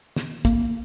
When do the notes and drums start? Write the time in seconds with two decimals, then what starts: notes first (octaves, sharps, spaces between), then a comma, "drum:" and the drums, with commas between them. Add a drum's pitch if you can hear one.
0.16 drum: snare
0.45 A#3, drum: kick, hi-hat